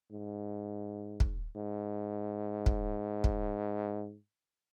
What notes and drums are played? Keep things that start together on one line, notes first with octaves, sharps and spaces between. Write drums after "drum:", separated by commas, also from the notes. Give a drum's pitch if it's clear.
G#2
drum: kick
G#2
drum: kick
drum: kick